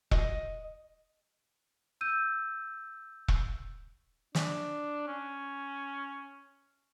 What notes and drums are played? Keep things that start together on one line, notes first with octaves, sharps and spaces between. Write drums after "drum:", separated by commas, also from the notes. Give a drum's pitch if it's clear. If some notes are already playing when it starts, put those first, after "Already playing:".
D#5, drum: kick E1
E6 G6 D#7
drum: kick E1
D4, drum: snare
C#4